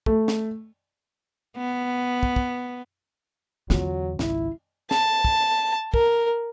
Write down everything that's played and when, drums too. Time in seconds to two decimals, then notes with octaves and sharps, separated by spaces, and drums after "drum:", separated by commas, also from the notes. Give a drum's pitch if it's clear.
0.06 A3, drum: kick
0.28 drum: snare
1.57 B3
2.23 drum: kick
2.36 drum: kick
3.70 E2 D3 F#3 C4 F4, drum: snare
4.19 G#1 C#2 E4, drum: snare
4.91 A5, drum: snare
5.25 drum: kick
5.94 A#4, drum: kick